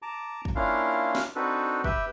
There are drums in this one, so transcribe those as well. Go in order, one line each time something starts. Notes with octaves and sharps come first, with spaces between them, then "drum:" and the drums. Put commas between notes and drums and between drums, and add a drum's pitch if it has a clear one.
A5 A#5 D6
drum: kick
A#3 C#4 D4 E4 F4 F5
drum: snare
C4 D4 D#4 F#4 A4 B4
G4 B4 E5 G5, drum: kick